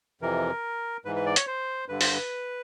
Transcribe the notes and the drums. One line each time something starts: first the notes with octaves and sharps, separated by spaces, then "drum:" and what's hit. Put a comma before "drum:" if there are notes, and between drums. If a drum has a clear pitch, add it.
F2 C3 E3 A#4
G#2 E3 B4
B4
D5
C#5, drum: hi-hat
C5
G2 D3 B4
C5, drum: open hi-hat
B4